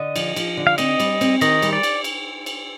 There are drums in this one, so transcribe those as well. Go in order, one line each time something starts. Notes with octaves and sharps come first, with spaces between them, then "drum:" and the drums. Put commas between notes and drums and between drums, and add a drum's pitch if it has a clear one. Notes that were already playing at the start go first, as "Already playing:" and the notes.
Already playing: D3 D#5
F3, drum: cymbal
F3, drum: cymbal
D3
F5
C4 D#5, drum: cymbal
G3, drum: cymbal
C4, drum: cymbal
D#3 D#5, drum: cymbal
G3, drum: cymbal
D5
drum: cymbal
drum: cymbal
drum: cymbal